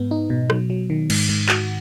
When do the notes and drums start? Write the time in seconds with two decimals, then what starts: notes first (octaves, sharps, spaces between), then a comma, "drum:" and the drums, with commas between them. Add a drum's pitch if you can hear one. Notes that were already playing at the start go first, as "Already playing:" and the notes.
Already playing: G#2 B3
0.11 D#4
0.30 B2
0.50 F#3, drum: rim click
0.70 F#3
0.90 D#3
1.10 G#2, drum: cymbal
1.29 G#2
1.49 F#4, drum: clap